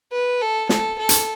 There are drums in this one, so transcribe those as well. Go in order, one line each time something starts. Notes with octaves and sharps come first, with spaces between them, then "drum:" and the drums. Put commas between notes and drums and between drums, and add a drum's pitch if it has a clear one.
B4
A4
A4, drum: snare
A4
drum: hi-hat